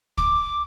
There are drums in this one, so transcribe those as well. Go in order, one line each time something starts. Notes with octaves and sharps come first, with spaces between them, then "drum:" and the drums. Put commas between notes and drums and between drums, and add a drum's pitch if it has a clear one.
D6, drum: kick